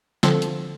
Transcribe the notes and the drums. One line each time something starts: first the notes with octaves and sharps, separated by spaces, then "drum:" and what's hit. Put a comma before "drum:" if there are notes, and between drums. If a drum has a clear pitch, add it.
D3 F3 C4 F4 A4, drum: snare
drum: hi-hat